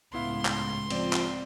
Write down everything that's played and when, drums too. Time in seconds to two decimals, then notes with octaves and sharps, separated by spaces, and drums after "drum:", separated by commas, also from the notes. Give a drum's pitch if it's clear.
0.14 C#2 A2 B3 E4 F5 C6
0.45 drum: clap
0.90 F3 C4 D5, drum: cymbal
1.13 drum: clap